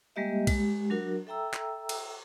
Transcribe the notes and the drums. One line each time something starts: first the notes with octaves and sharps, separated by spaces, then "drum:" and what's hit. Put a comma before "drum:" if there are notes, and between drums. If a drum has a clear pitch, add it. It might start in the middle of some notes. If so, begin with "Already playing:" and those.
G3 G#3 A#3 G4 D#5 E5
G#3 G4, drum: kick B1, cymbal
F#3 D4 F#4 A#4
A4 E5 G5 A#5 E6
drum: clap
drum: cymbal